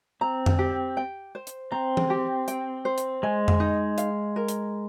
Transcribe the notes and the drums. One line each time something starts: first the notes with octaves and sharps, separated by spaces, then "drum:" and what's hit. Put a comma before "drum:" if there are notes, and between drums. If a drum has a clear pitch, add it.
C4 A#5
drum: tom F2
G4
G5
C5
drum: hi-hat
C4 A#5
drum: tom E3
G4
G5, drum: hi-hat
C5
drum: hi-hat
G#3 G#5
drum: tom F2
D#4
F5, drum: hi-hat
A#4
drum: hi-hat